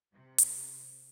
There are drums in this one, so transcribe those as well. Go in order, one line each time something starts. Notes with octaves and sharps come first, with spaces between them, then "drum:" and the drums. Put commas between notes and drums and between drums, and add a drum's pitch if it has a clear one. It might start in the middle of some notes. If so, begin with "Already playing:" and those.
C3
drum: hi-hat